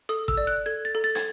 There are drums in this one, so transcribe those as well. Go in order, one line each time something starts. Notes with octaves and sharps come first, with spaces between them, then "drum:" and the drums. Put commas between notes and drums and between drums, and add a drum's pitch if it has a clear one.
A4 D#6
E6, drum: kick
D5
F#6
A4 G#6
A6
A4
A6
G#6, drum: hi-hat